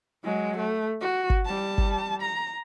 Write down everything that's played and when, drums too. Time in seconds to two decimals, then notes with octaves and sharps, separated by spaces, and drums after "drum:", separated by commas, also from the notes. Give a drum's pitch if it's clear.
0.24 F#3 G#3
0.58 A3
1.01 F#4
1.30 drum: kick G1
1.46 G3 A5
1.78 drum: kick G1
2.22 A#5